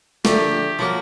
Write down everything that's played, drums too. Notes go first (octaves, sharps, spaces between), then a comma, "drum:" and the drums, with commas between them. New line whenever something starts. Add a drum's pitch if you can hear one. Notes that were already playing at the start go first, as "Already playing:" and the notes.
A#1 D3 A3 G4, drum: snare
F3 A#3 F#4 C#5 B5